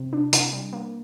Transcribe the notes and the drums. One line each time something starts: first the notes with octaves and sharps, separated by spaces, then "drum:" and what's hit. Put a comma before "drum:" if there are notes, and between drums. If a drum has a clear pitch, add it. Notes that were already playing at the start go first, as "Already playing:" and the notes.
Already playing: C3
D4
C3, drum: hi-hat
G3
A#3